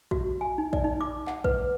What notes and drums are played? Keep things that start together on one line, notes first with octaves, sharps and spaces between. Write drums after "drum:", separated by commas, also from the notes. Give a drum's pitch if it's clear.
F#4, drum: kick A#1
G#5
D#4
D5, drum: kick A#1
D#4
D6
F#5, drum: clap
B4, drum: kick A#1